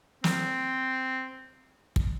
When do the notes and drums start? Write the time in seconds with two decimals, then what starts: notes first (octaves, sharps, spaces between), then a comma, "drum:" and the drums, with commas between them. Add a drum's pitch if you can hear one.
0.24 C4, drum: snare
1.96 drum: kick